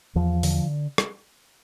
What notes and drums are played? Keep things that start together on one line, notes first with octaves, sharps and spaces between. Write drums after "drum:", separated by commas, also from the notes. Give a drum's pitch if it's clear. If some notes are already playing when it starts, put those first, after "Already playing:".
E2 F3
D3, drum: open hi-hat
drum: rim click